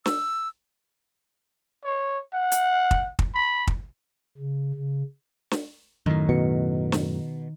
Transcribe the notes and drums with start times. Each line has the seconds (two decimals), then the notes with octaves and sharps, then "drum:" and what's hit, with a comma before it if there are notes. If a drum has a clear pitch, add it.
0.06 E6, drum: snare
1.84 C#5
2.34 F#5
2.52 drum: hi-hat
2.91 drum: kick
3.19 drum: kick
3.35 B5
3.67 drum: kick
4.38 C#3
4.74 C#3
5.51 drum: snare
6.06 F#2 A2 D#3
6.29 B2 C#7
6.92 drum: snare